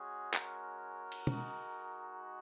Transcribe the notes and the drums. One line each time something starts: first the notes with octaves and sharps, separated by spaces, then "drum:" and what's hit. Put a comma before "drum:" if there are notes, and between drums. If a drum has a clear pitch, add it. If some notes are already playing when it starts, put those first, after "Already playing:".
Already playing: G#3 C#4 F#4 G#4
A#4, drum: clap
drum: cymbal
G#3 D#4 F#4, drum: tom